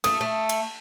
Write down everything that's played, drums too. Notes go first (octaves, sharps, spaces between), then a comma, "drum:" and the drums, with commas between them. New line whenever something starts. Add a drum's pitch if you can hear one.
A3 D#6, drum: cymbal
A3
drum: cymbal